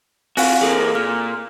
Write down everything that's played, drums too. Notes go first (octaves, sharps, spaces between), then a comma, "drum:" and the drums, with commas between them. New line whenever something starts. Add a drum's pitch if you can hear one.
C4 F4 F#4 F5 G#5, drum: open hi-hat
E3 A#3 G#4 A4
A#2 F6